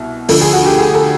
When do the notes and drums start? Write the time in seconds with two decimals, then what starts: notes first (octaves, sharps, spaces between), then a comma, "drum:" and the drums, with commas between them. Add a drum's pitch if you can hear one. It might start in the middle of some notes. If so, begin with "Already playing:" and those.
Already playing: C2 B2
0.29 D2 D3 F3 A4, drum: open hi-hat
0.41 G#4
0.53 F#4
0.65 G4
0.78 G#4
0.95 A4